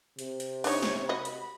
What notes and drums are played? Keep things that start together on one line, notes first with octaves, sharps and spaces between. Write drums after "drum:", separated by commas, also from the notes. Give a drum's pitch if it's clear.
C3, drum: hi-hat
drum: hi-hat
D4 D#4 C#5, drum: open hi-hat
drum: snare
F#4 D#5 B5
drum: hi-hat